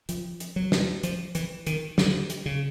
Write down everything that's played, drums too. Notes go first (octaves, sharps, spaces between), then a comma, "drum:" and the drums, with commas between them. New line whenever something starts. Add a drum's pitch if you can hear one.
F3, drum: hi-hat
drum: hi-hat
F#3
drum: snare
F3, drum: hi-hat
E3, drum: hi-hat
D#3, drum: hi-hat
D3, drum: snare
drum: hi-hat
C#3